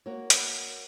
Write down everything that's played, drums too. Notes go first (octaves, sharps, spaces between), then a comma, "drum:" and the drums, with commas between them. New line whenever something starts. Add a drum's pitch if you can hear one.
A#3 F#4 A#4 C#5
drum: hi-hat